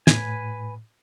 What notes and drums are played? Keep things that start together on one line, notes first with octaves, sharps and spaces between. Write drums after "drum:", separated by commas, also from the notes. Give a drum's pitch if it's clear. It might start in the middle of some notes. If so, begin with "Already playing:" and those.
A2 B4 G#5, drum: snare